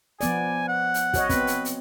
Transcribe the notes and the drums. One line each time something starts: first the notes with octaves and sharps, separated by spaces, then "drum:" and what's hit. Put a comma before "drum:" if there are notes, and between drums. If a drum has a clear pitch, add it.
F3 B3 D5 G#5, drum: hi-hat
F#5
drum: hi-hat
F#4 C#5 D#5, drum: kick, hi-hat
B3 C4 B4, drum: kick, hi-hat
drum: hi-hat
drum: hi-hat